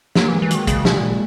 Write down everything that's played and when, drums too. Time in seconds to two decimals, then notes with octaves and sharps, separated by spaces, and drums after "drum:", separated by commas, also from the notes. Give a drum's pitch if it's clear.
0.15 F#3 A#3, drum: snare
0.28 E3 G#3
0.42 E3
0.51 D#3 F#3, drum: hi-hat
0.67 C#3 G#3, drum: kick, hi-hat
0.85 B2, drum: snare
0.93 A#2